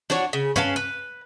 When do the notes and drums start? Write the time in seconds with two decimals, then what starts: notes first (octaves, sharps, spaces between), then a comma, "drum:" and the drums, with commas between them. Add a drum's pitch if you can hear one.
0.10 D4 F#4 C#5, drum: snare
0.33 C#3
0.56 C#4 B4 F5 A5, drum: tom G2
0.76 B4